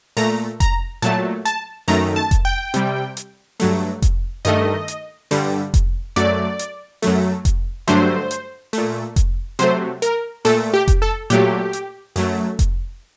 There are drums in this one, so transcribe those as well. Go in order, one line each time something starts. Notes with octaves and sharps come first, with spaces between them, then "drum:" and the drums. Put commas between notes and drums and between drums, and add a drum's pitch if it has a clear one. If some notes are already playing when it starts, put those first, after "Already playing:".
A#2 A3 A#5, drum: open hi-hat
A#5, drum: kick F1, hi-hat
A#2 F#3 A3 A5, drum: hi-hat
A5, drum: hi-hat
F#2 D#3 A3 A#5, drum: open hi-hat
A5
drum: kick F1, hi-hat
G5
C3 G3, drum: hi-hat
drum: hi-hat
G2 F#3 A3, drum: open hi-hat
drum: kick F1, hi-hat
G2 D#3 A3 D#5, drum: hi-hat
drum: hi-hat
G2 D3 G3, drum: open hi-hat
drum: kick F1, hi-hat
F#2 F#3 A3 D5, drum: hi-hat
drum: hi-hat
F#2 F#3 A3, drum: open hi-hat
drum: kick F1, hi-hat
G2 D3 F#3 A3 C5, drum: hi-hat
drum: hi-hat
A#2 A3, drum: open hi-hat
drum: kick F1, hi-hat
C3 F#3 A3 C5, drum: hi-hat
A#4, drum: hi-hat
A#2 A3 A4, drum: open hi-hat
G4
drum: kick F1, hi-hat
A4
A#2 F#3 A3 G4, drum: hi-hat
drum: hi-hat
F#2 F#3 A3, drum: open hi-hat
drum: kick F1, hi-hat